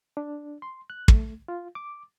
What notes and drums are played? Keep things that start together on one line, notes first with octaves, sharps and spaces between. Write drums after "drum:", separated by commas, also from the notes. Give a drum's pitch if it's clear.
D4
C6
F#6
A3, drum: kick
F4
D6